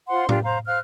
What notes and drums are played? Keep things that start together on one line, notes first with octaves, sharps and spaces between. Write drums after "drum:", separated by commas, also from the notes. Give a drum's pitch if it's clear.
F4 C5 F#5 C6
D4 F4 G4, drum: tom A2
C5 F5 A#5
C5 F5 F6 F#6